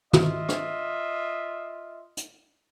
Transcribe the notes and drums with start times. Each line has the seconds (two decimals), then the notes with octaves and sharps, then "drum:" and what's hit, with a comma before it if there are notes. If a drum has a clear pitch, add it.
0.13 F4 D#5 E5, drum: tom
0.49 drum: rim click
2.17 drum: hi-hat